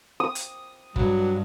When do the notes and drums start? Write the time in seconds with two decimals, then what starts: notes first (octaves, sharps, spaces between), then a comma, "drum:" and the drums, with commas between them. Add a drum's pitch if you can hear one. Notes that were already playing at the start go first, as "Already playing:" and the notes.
0.20 D#6
0.35 drum: hi-hat
0.96 G2 F#3, drum: kick